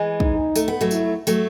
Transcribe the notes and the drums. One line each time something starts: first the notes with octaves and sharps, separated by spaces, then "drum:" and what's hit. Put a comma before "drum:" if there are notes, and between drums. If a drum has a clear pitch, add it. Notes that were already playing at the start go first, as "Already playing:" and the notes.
Already playing: E3 G#3
D#4, drum: kick
A3, drum: tambourine
B3
F#3 A3
E4, drum: tambourine
F#3 A3, drum: tambourine